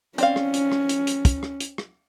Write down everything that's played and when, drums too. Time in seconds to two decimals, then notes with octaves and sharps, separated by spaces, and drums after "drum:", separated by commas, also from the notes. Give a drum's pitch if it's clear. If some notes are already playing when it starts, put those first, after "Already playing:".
0.18 C4 C#4 D5 F5, drum: hi-hat
0.36 drum: rim click
0.54 drum: hi-hat
0.72 drum: rim click
0.89 drum: hi-hat
1.07 drum: hi-hat
1.25 drum: kick, hi-hat
1.43 drum: rim click
1.60 drum: hi-hat
1.78 drum: rim click